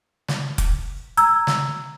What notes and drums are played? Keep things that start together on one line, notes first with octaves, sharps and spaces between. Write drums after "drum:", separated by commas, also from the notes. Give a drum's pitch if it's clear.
drum: snare
drum: kick F1, hi-hat
A#5 E6 G#6, drum: hi-hat
drum: snare